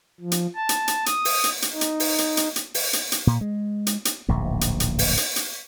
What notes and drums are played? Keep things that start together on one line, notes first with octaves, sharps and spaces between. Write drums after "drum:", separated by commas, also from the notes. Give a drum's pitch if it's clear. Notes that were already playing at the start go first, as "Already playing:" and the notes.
F3
drum: hi-hat
A5
drum: hi-hat
drum: hi-hat
D#6, drum: hi-hat
drum: open hi-hat
drum: hi-hat
drum: hi-hat
D#4
drum: hi-hat
drum: open hi-hat
drum: hi-hat
drum: hi-hat
drum: hi-hat
drum: open hi-hat
drum: hi-hat
drum: hi-hat
A#2
G#3
drum: hi-hat
drum: hi-hat
D1 A#1 G#2
drum: hi-hat
drum: hi-hat
drum: open hi-hat
drum: hi-hat
drum: hi-hat